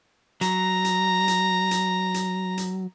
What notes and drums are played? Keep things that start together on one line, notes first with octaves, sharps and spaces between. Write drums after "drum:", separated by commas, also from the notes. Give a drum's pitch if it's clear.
F#3 A#5, drum: hi-hat
drum: hi-hat
drum: hi-hat
drum: hi-hat
drum: hi-hat
drum: hi-hat